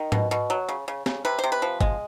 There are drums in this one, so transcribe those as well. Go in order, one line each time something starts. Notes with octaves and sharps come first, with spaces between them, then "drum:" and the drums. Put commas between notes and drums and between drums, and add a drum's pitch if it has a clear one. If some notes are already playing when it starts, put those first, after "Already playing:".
Already playing: D#3
B2, drum: tom G#2
B2
F#3
C#3
C#3
C#3, drum: snare
C3 B4
C3 C5
B4
F3
G#3, drum: kick